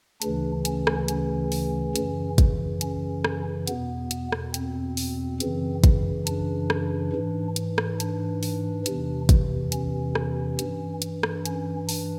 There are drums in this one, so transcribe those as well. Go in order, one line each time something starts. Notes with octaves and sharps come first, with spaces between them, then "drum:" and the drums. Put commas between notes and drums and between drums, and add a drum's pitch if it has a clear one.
D2 C#3 E3 D4, drum: hi-hat
C#4, drum: hi-hat
drum: rim click
C#4, drum: hi-hat
drum: open hi-hat
F#2 C#3 E3, drum: hi-hat
drum: kick, hi-hat
C#4, drum: hi-hat
drum: rim click
E2 B2 B3, drum: hi-hat
drum: hi-hat
drum: rim click
C4, drum: hi-hat
drum: open hi-hat
F#2 C#3 E3, drum: hi-hat
drum: kick, hi-hat
D4, drum: hi-hat
drum: rim click
G#2 E3
drum: hi-hat
drum: rim click
D4, drum: hi-hat
drum: open hi-hat
E2 C3 E3, drum: hi-hat
drum: kick, hi-hat
C#4, drum: hi-hat
drum: rim click
G2 E3, drum: hi-hat
drum: hi-hat
drum: rim click
C#4, drum: hi-hat
D4, drum: open hi-hat